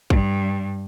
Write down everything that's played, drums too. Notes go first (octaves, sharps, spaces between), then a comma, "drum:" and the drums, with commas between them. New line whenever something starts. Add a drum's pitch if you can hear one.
G2, drum: kick